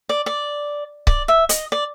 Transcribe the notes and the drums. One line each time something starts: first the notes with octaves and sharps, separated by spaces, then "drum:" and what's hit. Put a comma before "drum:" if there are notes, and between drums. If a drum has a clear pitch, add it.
D5
D5
D5, drum: kick C#1
E5
D#5, drum: hi-hat
D5